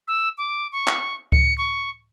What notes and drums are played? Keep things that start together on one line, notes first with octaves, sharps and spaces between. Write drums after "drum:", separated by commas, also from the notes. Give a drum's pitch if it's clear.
E6
D6
C#6
drum: clap
C#7, drum: kick C#2
C#6